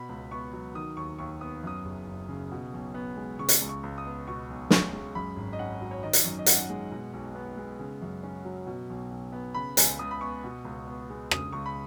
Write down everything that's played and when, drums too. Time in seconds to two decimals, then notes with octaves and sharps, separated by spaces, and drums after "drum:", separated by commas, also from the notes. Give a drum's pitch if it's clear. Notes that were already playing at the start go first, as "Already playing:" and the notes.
Already playing: B2 B5
0.09 C#2
0.31 B3 C#6
0.53 F#3
0.74 D#3 D#6
0.97 D#2 C#6
1.19 D#2 C#6
1.41 B3 D#6
1.63 F#2 D#6
1.85 F#1
2.06 F#1
2.28 C#3
2.51 B2
2.73 B1
2.94 B3
3.16 G#3
3.39 C#3 C#6
3.49 drum: hi-hat
3.62 C#2
3.69 C#6
3.83 C#2
3.98 D#6
4.05 B3
4.27 B2 C#6
4.48 B1
4.70 C#4 C#6, drum: snare
4.93 G#3
5.15 F#2 B5
5.36 G#1
5.53 D#5
5.59 C#4 F#5
5.81 F#3
5.91 C#5
6.03 D#3 D#5
6.13 drum: hi-hat
6.24 F#2
6.39 D#5
6.46 C#4 F#5, drum: hi-hat
6.70 G#3
6.91 B2
7.13 B1
7.35 B3
7.57 G#3
7.79 C#3
8.02 F#2
8.23 C#4
8.45 F#3
8.67 B2
8.90 B1
9.11 B1
9.32 B3
9.54 C#3 B5
9.77 C#2 G#5, drum: hi-hat
9.99 C#2 D#6
10.11 B5
10.21 B3 C#6
10.44 B2
10.64 C#2
10.87 B3
11.10 G#3
11.31 C#3 D#6, drum: rim click
11.52 C#2 C#6
11.66 B5